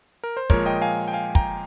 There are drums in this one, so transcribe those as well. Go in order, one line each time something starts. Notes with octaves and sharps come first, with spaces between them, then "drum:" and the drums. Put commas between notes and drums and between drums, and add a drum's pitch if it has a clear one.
A#4
C5
A#2 F3 G#3 A#4 C#5, drum: kick
D#5 G5
F5 G#5
G5
F5 G#5
G5 A#5, drum: kick